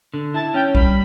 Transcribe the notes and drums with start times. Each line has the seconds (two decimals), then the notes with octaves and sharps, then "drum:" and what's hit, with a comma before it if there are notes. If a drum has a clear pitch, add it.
0.14 D3
0.34 E4 A5
0.54 C#4 G5
0.75 G3 B5, drum: kick